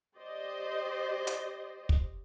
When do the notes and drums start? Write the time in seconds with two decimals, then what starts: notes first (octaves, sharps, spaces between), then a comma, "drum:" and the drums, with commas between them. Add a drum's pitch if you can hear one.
0.16 G4 C5 D5 D#5
1.27 drum: hi-hat
1.89 drum: kick